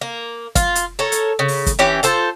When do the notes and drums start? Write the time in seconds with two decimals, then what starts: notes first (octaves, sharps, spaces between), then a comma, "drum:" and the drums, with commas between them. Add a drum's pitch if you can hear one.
0.01 A#3
0.55 F4, drum: kick, hi-hat
0.75 drum: hi-hat
0.99 A4 A#4 C#5
1.12 drum: hi-hat
1.39 C#3
1.48 drum: open hi-hat
1.66 drum: kick, hi-hat
1.79 E3 C#4 G4
2.03 F4 A4 C5, drum: hi-hat